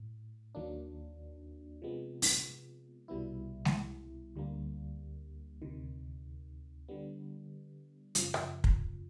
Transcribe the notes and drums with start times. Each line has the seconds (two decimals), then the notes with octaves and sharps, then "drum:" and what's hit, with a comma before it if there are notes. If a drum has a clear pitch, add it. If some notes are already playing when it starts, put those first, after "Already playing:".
Already playing: A2
0.55 D#2 D#3 F#3 A#3 D4
1.82 C3 F3 G#3 B3
2.22 drum: open hi-hat
3.08 C2 B2 G3 B3 E4
3.65 drum: snare G#3
4.36 D2 D3 G3 A#3
5.62 D2 C3 D#3
6.88 D3 G3 B3
8.15 F#2 C#3 F3, drum: hi-hat
8.34 drum: rim click
8.64 drum: kick